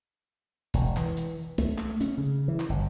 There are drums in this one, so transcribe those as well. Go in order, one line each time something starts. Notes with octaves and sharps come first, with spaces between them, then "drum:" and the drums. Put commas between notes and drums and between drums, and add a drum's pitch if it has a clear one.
E1, drum: kick, hi-hat
E3, drum: clap
drum: hi-hat
A3, drum: kick, hi-hat
drum: clap
C#4, drum: hi-hat
C#3
E3
drum: clap
G1